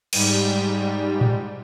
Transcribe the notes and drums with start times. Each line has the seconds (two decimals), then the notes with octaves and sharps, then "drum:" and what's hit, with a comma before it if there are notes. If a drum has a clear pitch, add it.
0.13 G#2 G3, drum: cymbal
1.21 drum: tom A2